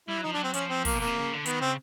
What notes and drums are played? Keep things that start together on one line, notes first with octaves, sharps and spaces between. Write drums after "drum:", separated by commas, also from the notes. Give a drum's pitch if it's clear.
G3 E4
F#3
F3 D#4
D4
F#3
C4
F3 C#4, drum: hi-hat
C4
A#3, drum: kick, open hi-hat
B2
A#3
C3
C#3
D3
D#3 B3, drum: hi-hat
C#3 C4